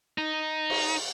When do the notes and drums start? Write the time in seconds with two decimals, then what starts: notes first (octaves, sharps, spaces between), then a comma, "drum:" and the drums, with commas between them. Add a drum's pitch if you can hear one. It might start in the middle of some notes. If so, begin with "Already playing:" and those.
0.18 D#4
0.70 drum: cymbal